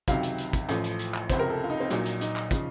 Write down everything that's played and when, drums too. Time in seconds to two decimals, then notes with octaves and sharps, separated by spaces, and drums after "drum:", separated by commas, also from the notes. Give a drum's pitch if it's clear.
0.08 C#2 C3 D#3 F#3 F5, drum: kick, hi-hat
0.23 drum: hi-hat
0.38 drum: hi-hat
0.53 drum: kick, hi-hat
0.69 A1 A2 F3, drum: hi-hat
0.84 drum: hi-hat
0.99 drum: hi-hat
1.14 drum: clap
1.30 C#2 C3 F3 C5, drum: kick, hi-hat
1.39 A#4
1.50 A4
1.64 F4
1.70 D#4
1.80 C4
1.90 A#1 A#2 F#3 D#4, drum: hi-hat
2.06 drum: hi-hat
2.21 D#4, drum: hi-hat
2.36 drum: clap
2.51 C#3 F3, drum: kick, hi-hat